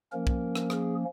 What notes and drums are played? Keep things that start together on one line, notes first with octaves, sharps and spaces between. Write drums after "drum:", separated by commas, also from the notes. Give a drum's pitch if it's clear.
F3 A#3 C#4 A#4
drum: kick
drum: rim click
G#4, drum: rim click